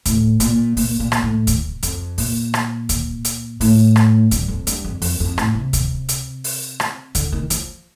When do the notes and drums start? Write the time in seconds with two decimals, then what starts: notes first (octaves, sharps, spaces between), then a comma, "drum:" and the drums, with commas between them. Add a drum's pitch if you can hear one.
0.06 A2, drum: kick D2, hi-hat
0.40 A#2, drum: hi-hat
0.77 A#2, drum: open hi-hat
1.00 A#2
1.12 drum: rim click
1.23 A2
1.47 drum: kick D2, hi-hat
1.83 F2, drum: hi-hat
2.18 A#2, drum: open hi-hat
2.54 drum: rim click
2.89 drum: kick D2, hi-hat
3.25 drum: hi-hat
3.61 A2, drum: open hi-hat
3.96 drum: rim click
4.31 G2, drum: kick D2, hi-hat
4.48 F2
4.67 G2, drum: hi-hat
4.84 F2
5.02 F2, drum: open hi-hat
5.20 F2
5.38 A2, drum: rim click
5.55 C3
5.73 drum: kick D2, hi-hat
6.09 drum: hi-hat
6.44 drum: open hi-hat
6.80 drum: rim click
7.15 D3, drum: kick D2, hi-hat
7.32 D#3
7.50 F3, drum: hi-hat